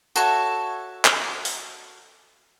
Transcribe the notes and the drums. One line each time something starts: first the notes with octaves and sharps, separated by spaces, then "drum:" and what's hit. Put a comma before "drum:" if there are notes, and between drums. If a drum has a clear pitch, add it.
F#4 A4 C#5 E5, drum: tambourine
drum: clap
drum: open hi-hat